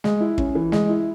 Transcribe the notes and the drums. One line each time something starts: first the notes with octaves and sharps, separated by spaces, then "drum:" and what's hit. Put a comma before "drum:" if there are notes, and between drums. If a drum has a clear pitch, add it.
G#3, drum: snare
E4
C#4, drum: kick
E3
G#3, drum: snare
E4